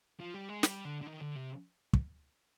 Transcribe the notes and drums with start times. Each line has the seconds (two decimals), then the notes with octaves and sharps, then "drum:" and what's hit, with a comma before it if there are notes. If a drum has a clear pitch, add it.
0.20 F3
0.34 G3
0.49 G#3
0.63 G3, drum: snare
0.85 D3
1.02 D3
1.07 D#3
1.21 D3
1.35 C3
1.93 drum: kick